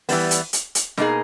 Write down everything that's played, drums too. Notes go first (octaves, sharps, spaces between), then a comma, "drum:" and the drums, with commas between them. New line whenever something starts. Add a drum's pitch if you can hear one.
E3 G3 B3, drum: open hi-hat
drum: hi-hat
drum: hi-hat
drum: hi-hat
B2 A#3 D#4 G#4, drum: snare